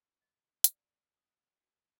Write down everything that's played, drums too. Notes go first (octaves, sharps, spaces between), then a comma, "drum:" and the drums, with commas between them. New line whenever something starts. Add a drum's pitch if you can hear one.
D#5
D5, drum: hi-hat
D#6
F#4